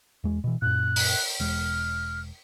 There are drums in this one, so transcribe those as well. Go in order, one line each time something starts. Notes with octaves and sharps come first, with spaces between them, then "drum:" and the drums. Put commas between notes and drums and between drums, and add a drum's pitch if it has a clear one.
E2 G#3
B2 E3
F#2 A#2 F#6
drum: open hi-hat
E1 G#3 F6